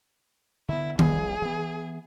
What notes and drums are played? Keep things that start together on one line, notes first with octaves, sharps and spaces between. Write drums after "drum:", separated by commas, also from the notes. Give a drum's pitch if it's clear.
D3 B3 E4
F1 C2 G#4, drum: tom D#3
E3 B3